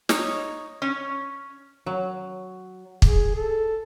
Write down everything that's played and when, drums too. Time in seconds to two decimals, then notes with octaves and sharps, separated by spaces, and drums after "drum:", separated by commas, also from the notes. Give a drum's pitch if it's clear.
0.09 D#4 C#5, drum: snare
0.82 C#4
1.86 F#3
3.02 G#4, drum: kick
3.36 A4